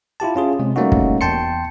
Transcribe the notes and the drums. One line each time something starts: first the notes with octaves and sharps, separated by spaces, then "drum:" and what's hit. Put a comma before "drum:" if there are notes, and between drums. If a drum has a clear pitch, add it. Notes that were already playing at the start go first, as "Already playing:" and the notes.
E4 F4 G4 A5
C#4 F4 G#4
C3 G#3 C4
G3 A3 A#3 C#4 D#4 F#4
drum: kick
E2 G5 A5 C6 C#7